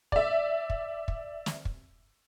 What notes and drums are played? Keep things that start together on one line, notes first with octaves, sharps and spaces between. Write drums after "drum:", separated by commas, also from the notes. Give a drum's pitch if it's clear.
D5 E5, drum: kick
drum: kick
drum: kick
drum: snare
drum: kick